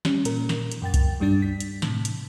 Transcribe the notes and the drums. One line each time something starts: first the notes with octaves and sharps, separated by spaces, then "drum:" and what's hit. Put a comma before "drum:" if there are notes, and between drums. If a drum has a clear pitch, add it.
G3 C#4, drum: snare
A#2 A#4, drum: hi-hat
drum: snare
drum: hi-hat
F#2 G5 A6
drum: kick, hi-hat
G2 G3 D4 A6
B6
drum: hi-hat
A2 C3, drum: snare
drum: hi-hat